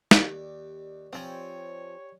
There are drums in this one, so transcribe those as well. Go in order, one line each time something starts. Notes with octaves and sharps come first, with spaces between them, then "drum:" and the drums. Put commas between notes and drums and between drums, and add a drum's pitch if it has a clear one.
D#2 G4 D5, drum: snare
F3 C4 C5 C#5 G5 G#5